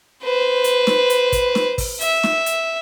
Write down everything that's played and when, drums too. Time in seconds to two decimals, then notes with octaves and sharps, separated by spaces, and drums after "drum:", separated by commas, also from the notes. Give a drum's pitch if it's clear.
0.24 B4 C5
0.64 drum: hi-hat
0.87 drum: snare
1.10 drum: hi-hat
1.32 drum: kick, hi-hat
1.55 drum: snare
1.78 drum: kick, open hi-hat
2.01 E5, drum: hi-hat
2.23 drum: snare
2.46 drum: hi-hat